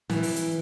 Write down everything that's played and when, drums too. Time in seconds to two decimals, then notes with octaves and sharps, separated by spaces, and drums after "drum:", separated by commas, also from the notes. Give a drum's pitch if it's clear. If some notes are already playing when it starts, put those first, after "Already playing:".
0.09 E3, drum: snare
0.23 drum: open hi-hat
0.36 drum: hi-hat